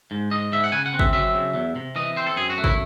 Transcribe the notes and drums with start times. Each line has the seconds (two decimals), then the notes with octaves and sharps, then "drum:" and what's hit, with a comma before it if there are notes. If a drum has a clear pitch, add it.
0.11 G#2
0.31 G#2 D#5
0.52 G#2 E5
0.64 F#5
0.72 C#3 G#5
0.86 F#5
0.94 C4
0.99 E5, drum: kick
1.13 F#3 E5
1.35 C#3
1.54 E2
1.76 C3
1.96 E3 D#5
2.16 C4 C5
2.27 A4
2.37 F#2 G#4
2.50 F#4
2.58 A3
2.64 E4, drum: kick